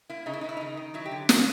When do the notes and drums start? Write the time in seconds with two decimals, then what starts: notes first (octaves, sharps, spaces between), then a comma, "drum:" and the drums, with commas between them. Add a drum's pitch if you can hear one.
0.10 A#3 E4
0.26 C#3 D#4
0.33 E4
0.41 D#4
0.44 C#3 E4
0.57 D#3 D#4
0.77 D#3
0.94 F#3 E4
1.06 G4
1.11 D3
1.29 F#3, drum: snare